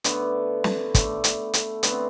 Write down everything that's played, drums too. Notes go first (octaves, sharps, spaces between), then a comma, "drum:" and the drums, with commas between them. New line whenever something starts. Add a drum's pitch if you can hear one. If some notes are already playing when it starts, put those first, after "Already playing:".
D3 A3 B3, drum: hi-hat
drum: snare
D3 A3, drum: kick, hi-hat
drum: hi-hat
drum: hi-hat
D3 A3 B3, drum: hi-hat
C4